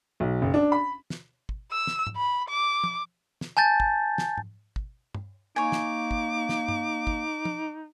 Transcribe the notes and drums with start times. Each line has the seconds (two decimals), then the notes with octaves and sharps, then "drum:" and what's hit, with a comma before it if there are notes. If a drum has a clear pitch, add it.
0.20 B1
0.42 F#1
0.54 D4
0.72 B5
1.10 drum: snare
1.49 drum: kick
1.72 E6
1.87 drum: snare
2.07 drum: tom G#2
2.16 B5
2.49 D6
2.84 drum: tom
3.41 drum: snare
3.57 G#5 A5 G6 A6
3.80 drum: kick
4.18 drum: snare
4.38 drum: tom G#2
4.76 drum: kick
5.14 drum: tom G2
5.56 A#3 D#4 C#5 G#5 D6
5.72 drum: snare
6.11 drum: kick
6.49 drum: snare
6.68 drum: tom G2
7.07 drum: kick
7.45 drum: tom